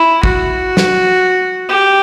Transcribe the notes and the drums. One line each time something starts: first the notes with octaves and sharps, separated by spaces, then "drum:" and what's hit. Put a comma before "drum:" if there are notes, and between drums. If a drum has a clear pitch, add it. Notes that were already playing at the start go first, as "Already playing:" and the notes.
Already playing: E4
F#4, drum: kick
drum: snare
G4